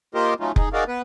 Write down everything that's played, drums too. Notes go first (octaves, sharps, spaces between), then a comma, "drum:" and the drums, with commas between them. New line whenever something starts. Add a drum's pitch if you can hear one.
A#3 F4 G4 A#4 C5 D#5
F#3 A3 C#4 D#4 F4
D#4 G#4, drum: kick F1
D#4 F#4 G#4 A#4 D5 F5
B3 B4